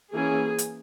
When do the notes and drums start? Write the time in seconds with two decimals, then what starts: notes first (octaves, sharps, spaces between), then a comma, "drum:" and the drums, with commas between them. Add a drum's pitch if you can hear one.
0.14 E3 A#3 C#4 G#4
0.58 drum: hi-hat